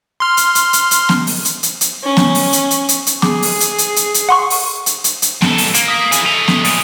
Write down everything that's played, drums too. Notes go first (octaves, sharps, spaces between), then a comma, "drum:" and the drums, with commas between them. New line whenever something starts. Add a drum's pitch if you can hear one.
C6 F6
drum: hi-hat
drum: hi-hat
drum: hi-hat
drum: hi-hat
drum: snare B3
drum: open hi-hat
drum: hi-hat
drum: hi-hat
drum: hi-hat
C#4
drum: snare B3
drum: open hi-hat
drum: hi-hat
drum: hi-hat
drum: hi-hat
drum: hi-hat
G#4 D6, drum: snare B3
drum: open hi-hat
drum: hi-hat
drum: hi-hat
drum: hi-hat
drum: hi-hat
F#5 C6 C#6
drum: open hi-hat
drum: hi-hat
drum: hi-hat
drum: hi-hat
G#2 A4, drum: snare B3
drum: open hi-hat
A#3, drum: hi-hat
D#6 B6
E3 G#4, drum: hi-hat
A3 D#5 F7
drum: snare B3
A#2 E3 D#6, drum: open hi-hat